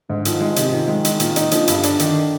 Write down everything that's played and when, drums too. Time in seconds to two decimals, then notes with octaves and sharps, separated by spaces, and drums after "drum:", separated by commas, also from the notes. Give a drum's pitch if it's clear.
0.09 G#2 D3
0.25 D#3 F3, drum: hi-hat
0.41 D#3 G#3
0.56 C3 D#3, drum: hi-hat
0.72 D#3 F3
0.88 G#3
1.05 G#3, drum: hi-hat
1.20 A#2, drum: hi-hat
1.36 D#4, drum: hi-hat
1.51 D3 F3, drum: hi-hat
1.68 G2, drum: hi-hat
1.83 D4, drum: hi-hat
1.99 D#3, drum: hi-hat